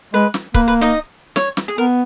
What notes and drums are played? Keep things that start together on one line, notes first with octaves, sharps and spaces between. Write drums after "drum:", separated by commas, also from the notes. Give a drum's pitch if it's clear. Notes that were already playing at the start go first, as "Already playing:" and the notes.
G#3 B4
drum: snare
A#3 B4, drum: kick
B4
D#4 D#5
C#5, drum: snare
drum: snare
G#4
B3 A#4